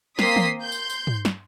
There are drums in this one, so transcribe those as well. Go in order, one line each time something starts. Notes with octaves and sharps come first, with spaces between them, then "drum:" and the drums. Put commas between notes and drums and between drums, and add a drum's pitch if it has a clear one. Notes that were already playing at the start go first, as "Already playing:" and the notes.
A#3 C4 C6 D#6 B6 C7, drum: snare
drum: tom
C6 G6
drum: tambourine
drum: tambourine
drum: tom
drum: snare